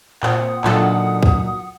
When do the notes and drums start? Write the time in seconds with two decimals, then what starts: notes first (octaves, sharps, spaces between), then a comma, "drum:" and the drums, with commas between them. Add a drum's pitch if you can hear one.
0.23 A#2 C4 F#5 D#6, drum: clap
0.64 A#2 D3 F#3 D4 D#4 F4 A4, drum: clap
1.23 drum: kick